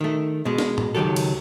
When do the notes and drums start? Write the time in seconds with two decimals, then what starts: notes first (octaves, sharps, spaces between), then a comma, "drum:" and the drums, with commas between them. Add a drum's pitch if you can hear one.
0.01 D#3 A3
0.45 B2 G#3
0.58 drum: snare
0.78 drum: tom A2
0.95 C#2 D#3 F#3 G4 A4
1.16 drum: cymbal